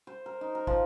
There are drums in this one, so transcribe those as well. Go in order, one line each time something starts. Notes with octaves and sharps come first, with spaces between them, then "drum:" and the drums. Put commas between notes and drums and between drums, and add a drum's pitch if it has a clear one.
C5
A#4
D#4
A#4
F3, drum: kick